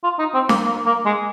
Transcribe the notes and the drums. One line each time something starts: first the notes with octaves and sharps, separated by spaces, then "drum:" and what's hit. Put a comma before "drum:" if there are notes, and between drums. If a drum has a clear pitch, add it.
F4
D#4
C4
A#3, drum: snare
A#3
A#3
G#3